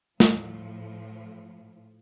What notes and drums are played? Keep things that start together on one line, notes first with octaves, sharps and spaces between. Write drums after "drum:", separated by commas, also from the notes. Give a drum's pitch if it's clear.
A2 F3, drum: snare